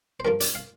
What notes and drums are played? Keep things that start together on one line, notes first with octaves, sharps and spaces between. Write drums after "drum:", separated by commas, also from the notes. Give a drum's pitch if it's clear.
C5
G2 D3 F3 A#3 A#4
D5, drum: hi-hat
F5